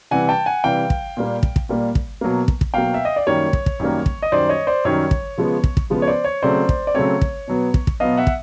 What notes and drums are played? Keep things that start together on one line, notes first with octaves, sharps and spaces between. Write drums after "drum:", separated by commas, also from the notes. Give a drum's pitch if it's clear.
C3 E3 G3 F#5 G#5
G5 A5
F#5 G#5
C3 E3 G3 F5 G5
drum: kick
A#2 G3 A#3
drum: kick
drum: kick
A#2 G3 A#3
drum: kick
B2 F#3 A#3
drum: kick
drum: kick
B2 F#3 A#3 F5 G5
E5
D#5
D5
F#2 D#3 G3 A#3 C#5
drum: kick
drum: kick
F#2 D#3 G3 A#3
drum: kick
D#5
F#2 D#3 G3 C5 D5
C#5 D#5
C5 D5
F#2 D#3 G3 C#5
drum: kick
C#3 F3 G#3 B3
drum: kick
drum: kick
C#3 F3 G#3 B3
C#5
C5 D5
C#5
C#3 F#3 A3 C4 C5 D5
drum: kick
D5
C#3 F#3 A3 C4 C#5
drum: kick
B2 F#3 B3
drum: kick
drum: kick
B2 F#3 B3 D#5 F5
E5 F#5
drum: kick